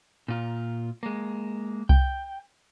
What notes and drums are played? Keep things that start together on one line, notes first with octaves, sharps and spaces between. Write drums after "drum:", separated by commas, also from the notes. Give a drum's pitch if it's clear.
A#2 F4
G#3 A#3
G5, drum: kick C2